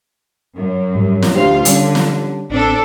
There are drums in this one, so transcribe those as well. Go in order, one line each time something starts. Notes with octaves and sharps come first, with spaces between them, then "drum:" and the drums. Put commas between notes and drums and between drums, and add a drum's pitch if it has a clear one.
F#2
G#2 G3
drum: snare
D2 D4 F4 G4 C5 F5
D3 G3 C#4, drum: hi-hat
drum: snare
A1 C4 D4 A4